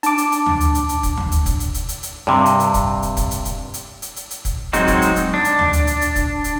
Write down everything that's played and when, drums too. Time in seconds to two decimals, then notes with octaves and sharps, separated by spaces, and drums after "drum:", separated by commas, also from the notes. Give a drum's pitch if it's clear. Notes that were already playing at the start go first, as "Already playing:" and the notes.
0.03 D4 A5 D6, drum: hi-hat
0.18 drum: hi-hat
0.32 drum: hi-hat
0.46 drum: tom D2
0.60 drum: hi-hat
0.75 drum: hi-hat
0.89 drum: hi-hat
1.03 drum: kick, hi-hat
1.17 drum: tom D2
1.32 drum: hi-hat
1.46 drum: kick, hi-hat
1.60 drum: hi-hat
1.74 drum: hi-hat
1.89 drum: hi-hat
2.03 drum: hi-hat
2.27 G2 C3
2.46 drum: hi-hat
2.60 drum: hi-hat
2.74 drum: kick, hi-hat
3.02 drum: hi-hat
3.17 drum: kick, hi-hat
3.31 drum: hi-hat
3.45 drum: hi-hat
3.74 drum: hi-hat
4.02 drum: hi-hat
4.16 drum: hi-hat
4.31 drum: hi-hat
4.45 drum: kick, hi-hat
4.73 F#3 G#3 C4 D#4 F#4, drum: hi-hat
4.88 drum: kick, hi-hat
5.02 drum: hi-hat
5.16 drum: hi-hat
5.34 D4
5.44 drum: hi-hat
5.59 drum: tom D2
5.73 drum: hi-hat
5.87 drum: hi-hat
6.01 drum: hi-hat
6.16 drum: kick, hi-hat
6.44 drum: hi-hat